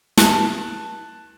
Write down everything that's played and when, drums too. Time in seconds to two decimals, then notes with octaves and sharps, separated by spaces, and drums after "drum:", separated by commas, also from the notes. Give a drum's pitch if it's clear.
0.17 A5 F#6, drum: snare